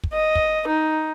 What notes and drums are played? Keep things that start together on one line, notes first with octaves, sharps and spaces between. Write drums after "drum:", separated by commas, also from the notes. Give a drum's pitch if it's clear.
drum: kick
D#5
drum: kick
D#4